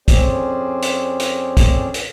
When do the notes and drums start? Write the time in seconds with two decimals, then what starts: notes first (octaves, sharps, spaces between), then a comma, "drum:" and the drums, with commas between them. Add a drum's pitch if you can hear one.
0.08 F2 C4 C#4 G#4 C5 D5, drum: kick, hi-hat
0.82 drum: hi-hat
1.20 drum: hi-hat
1.57 drum: kick, hi-hat
1.94 drum: hi-hat